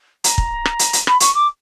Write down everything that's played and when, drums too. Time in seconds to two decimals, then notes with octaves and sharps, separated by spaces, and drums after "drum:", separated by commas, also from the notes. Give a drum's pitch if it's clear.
0.24 A#5, drum: hi-hat
0.38 drum: kick
0.65 drum: rim click
0.79 drum: hi-hat
0.93 drum: hi-hat
1.07 B5, drum: rim click
1.20 C#6, drum: hi-hat
1.34 D6